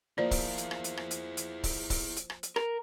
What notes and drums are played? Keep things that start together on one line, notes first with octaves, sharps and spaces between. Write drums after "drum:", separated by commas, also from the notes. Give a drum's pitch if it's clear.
F3 A#3 E4 G#4 D5
drum: kick C#1, open hi-hat
drum: hi-hat
drum: rim click
drum: hi-hat
drum: rim click
drum: hi-hat
drum: hi-hat
drum: kick C#1, open hi-hat
drum: kick C#1, open hi-hat
drum: hi-hat
drum: rim click
drum: hi-hat
A#4, drum: rim click